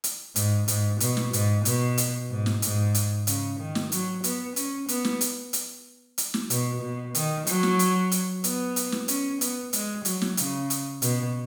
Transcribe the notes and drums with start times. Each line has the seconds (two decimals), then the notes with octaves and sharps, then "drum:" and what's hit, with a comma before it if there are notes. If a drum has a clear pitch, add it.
0.04 drum: hi-hat
0.36 G#2, drum: hi-hat
0.68 G#2, drum: hi-hat
1.00 B2, drum: hi-hat
1.17 drum: snare
1.33 G#2, drum: hi-hat
1.65 B2, drum: hi-hat
1.98 drum: hi-hat
2.30 G#2
2.46 drum: snare
2.62 G#2, drum: hi-hat
2.94 drum: hi-hat
3.27 C#3, drum: hi-hat
3.59 D#3
3.75 drum: snare
3.92 F#3, drum: hi-hat
4.24 B3, drum: hi-hat
4.56 C#4, drum: hi-hat
4.88 B3, drum: hi-hat
5.05 drum: snare
5.21 drum: hi-hat
5.53 drum: hi-hat
6.18 drum: hi-hat
6.34 drum: snare
6.50 B2, drum: hi-hat
6.82 B2
7.15 D#3, drum: hi-hat
7.47 F#3, drum: hi-hat
7.63 drum: snare
7.79 drum: hi-hat
8.11 drum: hi-hat
8.44 B3, drum: hi-hat
8.76 drum: hi-hat
8.92 drum: snare
9.08 C#4, drum: hi-hat
9.41 B3, drum: hi-hat
9.73 G#3, drum: hi-hat
10.05 F#3, drum: hi-hat
10.22 drum: snare
10.37 C#3, drum: hi-hat
10.70 drum: hi-hat
11.02 B2, drum: hi-hat